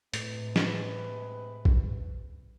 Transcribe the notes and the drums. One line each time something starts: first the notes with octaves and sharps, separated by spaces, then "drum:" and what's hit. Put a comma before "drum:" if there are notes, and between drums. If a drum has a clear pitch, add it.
A2 C3 G#3 B4, drum: hi-hat
drum: snare
drum: kick A#1